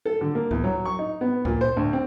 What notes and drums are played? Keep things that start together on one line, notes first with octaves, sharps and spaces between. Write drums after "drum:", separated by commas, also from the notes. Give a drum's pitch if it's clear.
A4
D3
A#3
E2, drum: kick C#2
F#3
C#6
D#4
B3
A#2, drum: kick C#2
C5
D2
C4